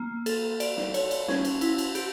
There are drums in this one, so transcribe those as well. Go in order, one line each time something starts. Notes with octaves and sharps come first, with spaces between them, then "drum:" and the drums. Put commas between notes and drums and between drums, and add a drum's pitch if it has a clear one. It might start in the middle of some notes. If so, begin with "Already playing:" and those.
Already playing: A#3
A4, drum: cymbal
D5, drum: cymbal
drum: snare
C#5, drum: cymbal
drum: cymbal
C#4, drum: snare
drum: cymbal
E4, drum: cymbal
drum: cymbal
G4, drum: cymbal